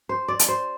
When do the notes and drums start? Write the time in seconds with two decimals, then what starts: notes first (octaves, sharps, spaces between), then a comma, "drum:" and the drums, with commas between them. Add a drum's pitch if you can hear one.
0.09 C5
0.28 D5
0.39 drum: hi-hat
0.48 C5